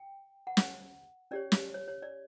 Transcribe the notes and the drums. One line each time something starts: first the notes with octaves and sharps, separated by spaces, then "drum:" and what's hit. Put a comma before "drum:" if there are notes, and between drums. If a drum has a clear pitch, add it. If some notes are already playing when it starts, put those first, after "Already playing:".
Already playing: G5
F#5
drum: snare
C#4 G4 C#5 D5
drum: snare
C#5
C#5
D5